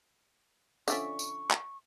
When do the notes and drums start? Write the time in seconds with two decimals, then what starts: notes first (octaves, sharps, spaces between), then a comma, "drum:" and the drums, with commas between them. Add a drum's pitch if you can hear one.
0.88 D3 F3 C#4 D5 E5 C#6, drum: tambourine
1.19 drum: tambourine
1.51 drum: clap